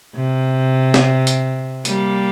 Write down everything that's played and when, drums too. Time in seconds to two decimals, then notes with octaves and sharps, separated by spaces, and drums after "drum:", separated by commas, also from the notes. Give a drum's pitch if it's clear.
0.16 C3
0.94 drum: snare
1.27 drum: hi-hat
1.85 G3 A#3, drum: hi-hat